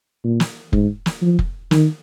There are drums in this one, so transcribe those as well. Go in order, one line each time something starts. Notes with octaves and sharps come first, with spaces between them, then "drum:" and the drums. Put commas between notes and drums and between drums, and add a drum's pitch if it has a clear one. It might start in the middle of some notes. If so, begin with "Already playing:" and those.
A#2
drum: snare
G#2, drum: kick F1
drum: snare
F3
drum: kick F1
D#3, drum: snare